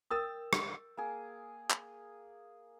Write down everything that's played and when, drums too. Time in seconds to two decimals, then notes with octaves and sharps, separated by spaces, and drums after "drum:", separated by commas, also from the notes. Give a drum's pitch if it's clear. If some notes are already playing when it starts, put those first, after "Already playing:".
0.11 A#4 G5 D#6 E6 A6
0.53 drum: rim click
0.97 A#3 G#4
1.70 drum: clap